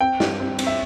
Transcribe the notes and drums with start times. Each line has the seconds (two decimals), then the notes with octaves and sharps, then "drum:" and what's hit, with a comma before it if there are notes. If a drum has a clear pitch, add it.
0.01 C4 G5
0.20 G2, drum: snare
0.40 C4
0.59 C4, drum: cymbal
0.67 E5